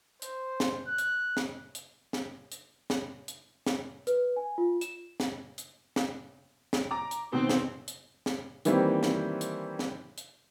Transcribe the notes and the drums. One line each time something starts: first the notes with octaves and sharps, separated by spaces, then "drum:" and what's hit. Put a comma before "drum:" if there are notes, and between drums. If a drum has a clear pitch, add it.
C5, drum: hi-hat
drum: snare
F#6
drum: hi-hat
drum: snare
drum: hi-hat
drum: snare
drum: hi-hat
drum: snare
drum: hi-hat
drum: snare
B4, drum: hi-hat
G#5
F4
E7, drum: hi-hat
drum: snare
drum: hi-hat
drum: snare
drum: snare
A#5 D6
drum: hi-hat
B2 D#3 C4
drum: snare
drum: hi-hat
drum: snare
D#3 E3 G3 A#3 C4, drum: hi-hat
drum: snare
drum: hi-hat
drum: snare
drum: hi-hat